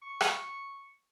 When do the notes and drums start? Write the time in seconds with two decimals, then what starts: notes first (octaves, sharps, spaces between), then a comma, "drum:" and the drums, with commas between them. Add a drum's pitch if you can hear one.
0.02 C#6
0.21 drum: rim click